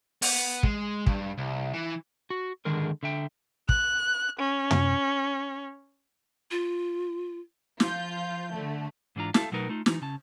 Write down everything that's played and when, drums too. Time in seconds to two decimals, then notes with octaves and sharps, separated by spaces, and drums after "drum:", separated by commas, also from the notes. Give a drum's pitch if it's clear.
0.22 B3, drum: open hi-hat
0.63 G#3, drum: kick
1.06 G2, drum: kick
1.38 C2
1.74 E3
2.30 F#4
2.65 D3 D#3 G#3 G#4 A#4
3.03 D3 E5 G5
3.69 F#6, drum: kick
4.39 C#4
4.71 drum: tom
6.51 F4
7.80 F3 F4 G6, drum: snare
8.53 D3 A3
9.16 G#2 E3 D4 F4 A#5
9.34 A4 E5 F5 A5, drum: snare
9.52 B2 F#3 A3 D#4 A#4 B4
9.69 A3 D#4 F4
9.86 E3 D#4, drum: snare
10.02 C#3 C#4 A5